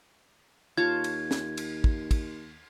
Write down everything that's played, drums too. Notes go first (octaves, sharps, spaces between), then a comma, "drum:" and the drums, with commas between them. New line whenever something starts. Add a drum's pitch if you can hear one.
D#2 F4 C#5 A5 G#6
drum: cymbal
drum: snare
drum: cymbal
drum: kick
drum: kick, cymbal